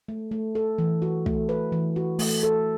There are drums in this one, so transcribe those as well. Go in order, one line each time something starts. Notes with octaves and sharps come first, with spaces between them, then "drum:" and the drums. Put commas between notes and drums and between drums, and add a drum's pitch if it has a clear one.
A3
A3
A4
E3
F#4
A3, drum: kick
B4
E3
F#4
A3, drum: open hi-hat
A4